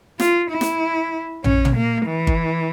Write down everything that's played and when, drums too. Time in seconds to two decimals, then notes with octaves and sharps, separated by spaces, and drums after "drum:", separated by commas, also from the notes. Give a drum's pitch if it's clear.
0.20 F4, drum: snare
0.51 E4
0.61 drum: snare
1.44 C#4, drum: tom
1.65 drum: tom
1.76 A#3
2.07 E3
2.27 drum: kick G1